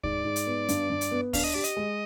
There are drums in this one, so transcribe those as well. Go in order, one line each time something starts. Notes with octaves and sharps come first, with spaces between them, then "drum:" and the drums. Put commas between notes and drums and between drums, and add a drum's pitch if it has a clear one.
G#2 D5, drum: kick D2
G#2
drum: hi-hat
B3
G2, drum: hi-hat
G2
drum: hi-hat
B3
D4 F5, drum: kick D2, open hi-hat
D#5
G4 D5
D#5, drum: hi-hat
G#3